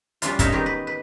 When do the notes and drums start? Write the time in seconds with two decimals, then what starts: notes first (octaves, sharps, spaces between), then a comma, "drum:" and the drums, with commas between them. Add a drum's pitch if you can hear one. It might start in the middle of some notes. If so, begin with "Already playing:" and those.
0.22 G3 C#4 D4 F4, drum: hi-hat
0.39 D#4 A#4 C#5 E5 F5 A#5, drum: kick, hi-hat
0.52 D#3 G#3 B3 D#4 G4
0.66 B4
0.87 B4